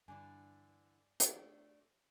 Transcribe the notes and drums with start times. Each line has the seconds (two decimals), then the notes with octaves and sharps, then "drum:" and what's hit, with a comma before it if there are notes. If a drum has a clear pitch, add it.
0.08 G2 D3 E3 D5 G#5
1.20 A3 D4, drum: hi-hat